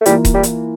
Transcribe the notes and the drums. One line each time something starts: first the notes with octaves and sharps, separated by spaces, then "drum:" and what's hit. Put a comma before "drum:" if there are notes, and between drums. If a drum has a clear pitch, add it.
A3
E3 G3 A#3 F4, drum: hi-hat
drum: kick D#1, hi-hat
G3
drum: hi-hat